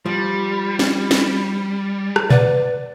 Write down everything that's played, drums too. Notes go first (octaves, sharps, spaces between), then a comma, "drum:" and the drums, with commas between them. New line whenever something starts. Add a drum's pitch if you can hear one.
F3 G3
drum: snare
drum: snare
drum: rim click
B4 D5 F#5, drum: tom A#2